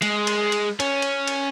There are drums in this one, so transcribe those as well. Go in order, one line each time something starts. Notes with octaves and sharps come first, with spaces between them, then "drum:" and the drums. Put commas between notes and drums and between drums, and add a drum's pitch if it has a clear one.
G#3, drum: cymbal
drum: cymbal
drum: cymbal
C#4, drum: cymbal
drum: cymbal
drum: cymbal